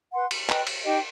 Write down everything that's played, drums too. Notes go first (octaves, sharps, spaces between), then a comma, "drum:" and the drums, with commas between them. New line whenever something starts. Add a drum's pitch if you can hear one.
B4 F#5 C6
drum: cymbal
B4 D#5 G5, drum: clap
drum: cymbal
D#4 G4 D#5 G5